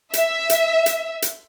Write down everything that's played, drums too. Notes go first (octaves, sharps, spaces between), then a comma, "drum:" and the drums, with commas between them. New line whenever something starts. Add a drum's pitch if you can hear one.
E5, drum: hi-hat
drum: hi-hat
drum: hi-hat
drum: hi-hat